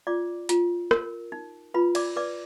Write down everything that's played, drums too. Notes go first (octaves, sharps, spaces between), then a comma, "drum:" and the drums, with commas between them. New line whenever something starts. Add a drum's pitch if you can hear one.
F4 D5 D6
F4, drum: hi-hat
A#4, drum: rim click
D#4
F4 B4 B5
D5 D6, drum: cymbal
B4 D5 D6